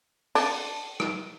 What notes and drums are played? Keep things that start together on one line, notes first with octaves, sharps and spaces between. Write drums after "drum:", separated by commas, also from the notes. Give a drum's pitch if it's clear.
D4, drum: open hi-hat
drum: rim click